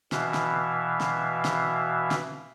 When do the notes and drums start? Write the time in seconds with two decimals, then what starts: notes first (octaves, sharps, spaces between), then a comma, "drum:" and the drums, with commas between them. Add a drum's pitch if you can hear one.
0.12 B2 E3 E5 F5, drum: snare
0.34 drum: snare
1.00 drum: snare
1.45 drum: snare
2.11 drum: snare